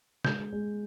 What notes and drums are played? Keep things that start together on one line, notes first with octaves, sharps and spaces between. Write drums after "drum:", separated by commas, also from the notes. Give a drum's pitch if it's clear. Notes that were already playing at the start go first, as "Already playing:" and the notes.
G#3 G6, drum: snare
G#3